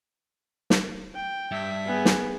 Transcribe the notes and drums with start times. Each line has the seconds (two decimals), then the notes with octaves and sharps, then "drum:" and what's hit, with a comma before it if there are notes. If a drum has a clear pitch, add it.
0.70 drum: snare
1.15 G5
1.51 G2 E5
1.87 B3 G#4 G#5
2.05 drum: snare